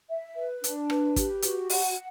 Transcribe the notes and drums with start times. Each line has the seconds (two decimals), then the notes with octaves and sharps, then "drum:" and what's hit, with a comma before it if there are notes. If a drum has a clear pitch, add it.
0.10 E5
0.36 B4
0.64 D4, drum: hi-hat
0.90 B4, drum: rim click
1.16 G4, drum: kick, hi-hat
1.42 F#4, drum: hi-hat
1.70 F#5, drum: open hi-hat